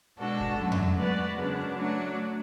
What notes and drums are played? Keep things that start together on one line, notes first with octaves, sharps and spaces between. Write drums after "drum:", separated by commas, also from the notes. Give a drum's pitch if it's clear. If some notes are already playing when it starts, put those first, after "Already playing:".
B2 G#3 D4 F#4 A4
drum: kick
F#2 D3 F#3 A3
drum: tom F2
G#3 B3 F#4 B4 D5
F#2 C#3 G#3 B3 D4
F#3 A3 D4